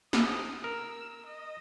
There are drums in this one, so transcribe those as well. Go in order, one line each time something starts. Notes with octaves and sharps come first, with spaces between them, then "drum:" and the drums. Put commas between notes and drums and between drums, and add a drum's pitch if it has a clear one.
D#6, drum: snare
A#4 E6
D#5